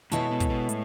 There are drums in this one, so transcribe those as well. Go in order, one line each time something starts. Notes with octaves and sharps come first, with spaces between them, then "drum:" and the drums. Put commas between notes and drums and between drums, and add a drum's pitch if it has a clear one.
B2 G#3 B3 E4 A4 C#5, drum: hi-hat
B2
drum: kick, hi-hat
B2
A2, drum: hi-hat